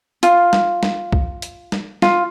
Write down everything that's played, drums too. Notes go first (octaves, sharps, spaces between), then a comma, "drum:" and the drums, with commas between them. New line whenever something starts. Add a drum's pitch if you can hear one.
F4, drum: hi-hat
drum: snare
drum: snare
drum: kick
drum: hi-hat
drum: snare
F4, drum: snare